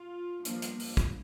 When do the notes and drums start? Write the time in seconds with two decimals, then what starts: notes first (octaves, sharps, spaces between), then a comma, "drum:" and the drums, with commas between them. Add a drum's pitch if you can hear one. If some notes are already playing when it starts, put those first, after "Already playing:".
Already playing: F4
0.45 G2 F3 A#3 D4, drum: hi-hat
0.62 drum: hi-hat
0.80 drum: open hi-hat
0.97 drum: kick, hi-hat